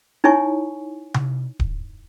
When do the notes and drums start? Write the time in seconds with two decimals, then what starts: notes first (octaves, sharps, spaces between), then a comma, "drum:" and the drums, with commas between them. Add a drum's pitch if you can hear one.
0.24 D#4 E4 C#5 G#5 C#6
1.14 drum: tom C3
1.60 drum: kick D1